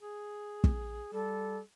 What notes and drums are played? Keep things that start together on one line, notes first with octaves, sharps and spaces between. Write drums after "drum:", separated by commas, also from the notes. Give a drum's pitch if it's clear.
G#4
drum: kick
G3 A4